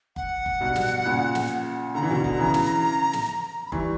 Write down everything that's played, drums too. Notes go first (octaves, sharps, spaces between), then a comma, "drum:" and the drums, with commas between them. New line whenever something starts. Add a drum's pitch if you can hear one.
F#5, drum: kick F#1
drum: kick F#1
G2 B2
drum: snare
A#2 C#3
drum: snare
D3 A#5
E3
B2 D3
drum: kick F#1
C#3 E3
drum: snare
drum: snare
B5
E3 G3 C#6, drum: kick F#1